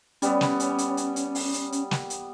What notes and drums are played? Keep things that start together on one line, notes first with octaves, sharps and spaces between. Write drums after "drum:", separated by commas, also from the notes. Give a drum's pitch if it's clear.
G3 B3 C#4, drum: hi-hat
drum: snare
drum: hi-hat
drum: hi-hat
drum: hi-hat
drum: hi-hat
drum: open hi-hat
drum: hi-hat
drum: hi-hat
drum: snare
drum: hi-hat